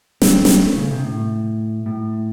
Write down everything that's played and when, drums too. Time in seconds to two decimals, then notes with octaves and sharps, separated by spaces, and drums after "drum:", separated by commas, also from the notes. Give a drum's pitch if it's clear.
0.22 C4, drum: snare
0.45 drum: snare
0.62 A3
0.77 C#3
0.90 C3
1.04 A2
1.86 A2